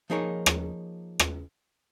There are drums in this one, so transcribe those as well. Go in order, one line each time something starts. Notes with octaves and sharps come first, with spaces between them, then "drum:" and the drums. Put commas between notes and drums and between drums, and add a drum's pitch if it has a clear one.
F3 A#3 D#4 G#4 A#4 C#5
drum: rim click
drum: rim click